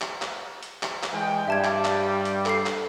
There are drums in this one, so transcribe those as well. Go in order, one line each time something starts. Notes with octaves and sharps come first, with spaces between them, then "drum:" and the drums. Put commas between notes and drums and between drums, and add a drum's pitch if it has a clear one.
drum: clap
drum: clap
drum: hi-hat
drum: clap
drum: clap
E3 G#3 G5
G2 G3 E5 A5 G#6
drum: clap
drum: clap
drum: hi-hat
A4 C7, drum: clap
drum: clap